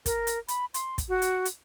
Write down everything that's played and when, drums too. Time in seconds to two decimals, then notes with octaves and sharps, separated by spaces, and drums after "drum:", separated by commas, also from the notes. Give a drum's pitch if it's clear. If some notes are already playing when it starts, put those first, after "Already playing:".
0.06 A#4, drum: kick, hi-hat
0.27 drum: hi-hat
0.48 B5, drum: hi-hat
0.74 C6, drum: hi-hat
0.98 drum: kick, hi-hat
1.09 F#4
1.22 drum: hi-hat
1.45 drum: hi-hat